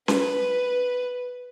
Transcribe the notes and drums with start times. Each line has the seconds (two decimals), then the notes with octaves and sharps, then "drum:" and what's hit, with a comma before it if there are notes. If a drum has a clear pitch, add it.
0.08 B4, drum: snare C#4